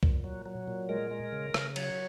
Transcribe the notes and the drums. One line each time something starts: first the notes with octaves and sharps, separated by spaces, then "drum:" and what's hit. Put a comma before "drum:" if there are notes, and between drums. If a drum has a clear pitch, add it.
A#2, drum: kick C2
F#3
F#3
A#2
G#3 A#4
G#3
C#3
C#3, drum: rim click
F#3 C#5, drum: cymbal